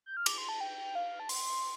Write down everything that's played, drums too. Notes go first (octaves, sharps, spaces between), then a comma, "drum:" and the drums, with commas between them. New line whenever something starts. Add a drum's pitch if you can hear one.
G6
F6
D6, drum: cymbal
C6
A5
G5
F5
A5
C6, drum: open hi-hat